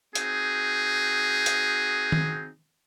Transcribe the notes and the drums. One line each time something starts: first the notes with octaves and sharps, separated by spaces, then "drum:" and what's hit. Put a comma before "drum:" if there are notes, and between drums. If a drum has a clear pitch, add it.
C4 D#4 F#4 G#4, drum: hi-hat
drum: hi-hat
drum: tom